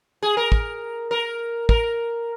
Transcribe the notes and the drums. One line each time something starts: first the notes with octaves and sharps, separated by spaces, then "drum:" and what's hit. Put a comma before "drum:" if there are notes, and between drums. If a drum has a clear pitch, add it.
G#4
A#4
drum: kick
A#4
A#4, drum: kick